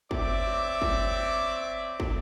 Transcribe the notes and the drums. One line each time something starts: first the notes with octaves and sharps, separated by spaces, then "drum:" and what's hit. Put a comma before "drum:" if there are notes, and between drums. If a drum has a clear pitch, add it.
C4 C#5 D5 E5 D6, drum: kick
drum: kick
drum: kick